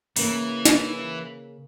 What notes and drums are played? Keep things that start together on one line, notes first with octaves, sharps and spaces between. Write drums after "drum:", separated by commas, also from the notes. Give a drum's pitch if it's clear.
C#3 E3 A#3, drum: open hi-hat
drum: snare